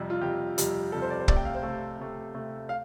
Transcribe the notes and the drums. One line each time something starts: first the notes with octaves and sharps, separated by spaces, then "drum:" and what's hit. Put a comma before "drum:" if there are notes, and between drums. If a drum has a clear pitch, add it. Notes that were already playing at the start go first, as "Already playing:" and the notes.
Already playing: F2 C3 G3
F4
F2 C3 G3 G4
F2 C3 G3, drum: hi-hat
F2 C3 G3 A4
C5
D5
C5
C3 A3 D5, drum: kick
G5
F5
C5
C3 A3 A4
C3 A3
C3 A3
F5